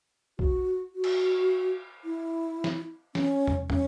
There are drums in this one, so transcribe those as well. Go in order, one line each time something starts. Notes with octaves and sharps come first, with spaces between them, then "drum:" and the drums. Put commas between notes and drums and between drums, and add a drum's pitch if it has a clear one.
F#4, drum: kick
F#4
drum: cymbal
E4
drum: snare
C#4, drum: snare
drum: tom
C#4, drum: tom